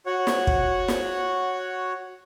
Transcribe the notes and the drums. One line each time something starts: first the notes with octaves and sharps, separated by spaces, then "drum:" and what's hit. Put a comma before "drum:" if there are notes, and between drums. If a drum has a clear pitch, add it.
F#4 C#5 F#5
drum: snare
drum: kick
drum: snare